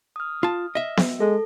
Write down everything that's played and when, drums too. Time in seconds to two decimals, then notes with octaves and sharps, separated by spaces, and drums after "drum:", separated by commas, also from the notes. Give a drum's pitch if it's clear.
0.16 D#6 F6
0.43 F4 A5
0.75 D#5 E5
0.97 drum: snare B3
1.20 G#3 A4